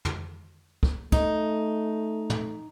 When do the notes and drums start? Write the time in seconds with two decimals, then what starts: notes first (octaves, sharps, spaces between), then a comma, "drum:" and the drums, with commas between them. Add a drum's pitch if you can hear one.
0.05 drum: tom
0.83 drum: kick
1.12 A3 D#4, drum: kick
2.30 drum: tom